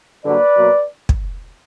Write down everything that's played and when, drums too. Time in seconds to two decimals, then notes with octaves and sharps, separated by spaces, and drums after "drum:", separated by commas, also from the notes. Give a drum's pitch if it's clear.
0.24 G2 D3 F#3 A#3 B4 D5
0.58 B2 F#3 A#3
1.09 drum: kick